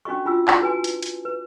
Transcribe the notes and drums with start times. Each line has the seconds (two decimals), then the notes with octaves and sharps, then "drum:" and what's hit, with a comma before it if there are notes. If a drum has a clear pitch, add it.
0.05 C#4 D4 F#4 D#5 C#6
0.25 D4 F4 F#4 E6
0.48 E4 A5 C6, drum: clap
0.61 F#4 B4 G#5
0.84 drum: hi-hat
1.02 drum: hi-hat
1.25 B4